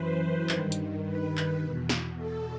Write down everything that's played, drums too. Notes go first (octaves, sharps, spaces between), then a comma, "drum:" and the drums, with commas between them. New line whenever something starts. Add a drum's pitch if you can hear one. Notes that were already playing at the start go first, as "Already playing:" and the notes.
Already playing: F#2 E3 B4 C5
G2 D#3, drum: clap
drum: hi-hat
B4
drum: clap
E2 B2
drum: snare
A4